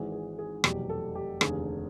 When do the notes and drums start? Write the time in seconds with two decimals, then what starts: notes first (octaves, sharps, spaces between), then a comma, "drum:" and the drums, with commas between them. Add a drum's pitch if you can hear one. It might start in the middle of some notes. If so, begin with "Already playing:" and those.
Already playing: G#1 G#2 E3 G#4
0.12 G#4
0.39 G#4
0.64 F1 E2 B2 F#3 G4, drum: rim click
0.89 A4
1.15 G4
1.41 F1 D#2 D3 G#4, drum: rim click